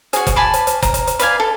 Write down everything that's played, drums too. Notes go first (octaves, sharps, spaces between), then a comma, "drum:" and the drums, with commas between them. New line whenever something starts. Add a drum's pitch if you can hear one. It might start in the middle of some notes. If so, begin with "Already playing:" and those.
F#4 G#4, drum: hi-hat
drum: kick F#1, hi-hat
G#5 A5 B5 D6
drum: hi-hat
drum: hi-hat
A#5, drum: kick F#1, hi-hat
drum: hi-hat
drum: hi-hat
B4 D5 F5 G#5, drum: hi-hat
A4